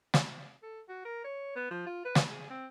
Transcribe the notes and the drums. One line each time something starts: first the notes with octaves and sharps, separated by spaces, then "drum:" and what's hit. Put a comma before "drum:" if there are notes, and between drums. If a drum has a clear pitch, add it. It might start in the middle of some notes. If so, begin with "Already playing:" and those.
drum: snare
A4
F#4
A#4
C#5
B3
F3
F4
B4
drum: snare
G#4
C4